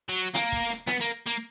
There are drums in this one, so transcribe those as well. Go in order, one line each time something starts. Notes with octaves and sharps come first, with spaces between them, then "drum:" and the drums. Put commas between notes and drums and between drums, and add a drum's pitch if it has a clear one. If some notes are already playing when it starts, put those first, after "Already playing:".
F#3
A#3, drum: rim click
drum: kick
drum: hi-hat
B3, drum: rim click
A#3
A#3